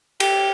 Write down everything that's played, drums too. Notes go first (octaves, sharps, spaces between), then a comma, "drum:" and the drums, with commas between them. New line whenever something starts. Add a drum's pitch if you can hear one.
G4, drum: cymbal